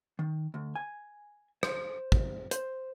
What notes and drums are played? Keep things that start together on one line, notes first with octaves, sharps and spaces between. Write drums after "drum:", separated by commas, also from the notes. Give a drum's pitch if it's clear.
D#3
D2
G#5
C5, drum: rim click
drum: kick
C5, drum: hi-hat